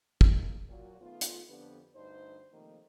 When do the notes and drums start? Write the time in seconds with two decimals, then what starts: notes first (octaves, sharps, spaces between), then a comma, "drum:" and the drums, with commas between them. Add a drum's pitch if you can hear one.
0.21 G#3 A#3, drum: kick
0.68 A#2 F#3 F#4
1.01 D#3 A3 B3 F4
1.21 drum: hi-hat
1.49 F2 D3 B3 D4 G4 B4
1.95 D2 G2 D#4 C5
2.53 C3 D#3 F3 A3 A#3